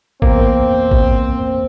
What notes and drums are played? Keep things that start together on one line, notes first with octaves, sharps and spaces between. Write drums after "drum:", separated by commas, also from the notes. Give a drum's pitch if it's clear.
E2 A#3 C4, drum: kick G#1
drum: kick G#1